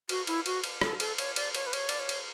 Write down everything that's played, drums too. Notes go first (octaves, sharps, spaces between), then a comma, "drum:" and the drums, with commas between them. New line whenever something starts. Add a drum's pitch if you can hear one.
F#4, drum: cymbal
E4, drum: cymbal
F#4, drum: cymbal
drum: cymbal
A4, drum: rim click
A4, drum: cymbal
C#5, drum: cymbal
D5, drum: cymbal
C#5, drum: cymbal
B4
C#5, drum: cymbal
D5, drum: cymbal
C#5
drum: cymbal